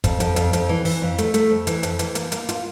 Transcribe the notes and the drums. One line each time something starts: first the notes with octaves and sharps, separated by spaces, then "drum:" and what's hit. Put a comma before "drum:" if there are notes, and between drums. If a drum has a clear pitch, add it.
F2, drum: kick, hi-hat
F2, drum: hi-hat
F2, drum: hi-hat
F2, drum: hi-hat
E3
E3, drum: open hi-hat
F2
A3, drum: hi-hat
A3, drum: hi-hat
F2
E3, drum: hi-hat
F2, drum: hi-hat
E3, drum: hi-hat
A#3, drum: hi-hat
A#3, drum: hi-hat
F4, drum: hi-hat